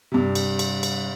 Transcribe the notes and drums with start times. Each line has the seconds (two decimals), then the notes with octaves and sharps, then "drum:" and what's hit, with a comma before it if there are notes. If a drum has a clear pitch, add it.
0.12 G2 C3
0.35 drum: cymbal
0.59 drum: cymbal
0.83 drum: cymbal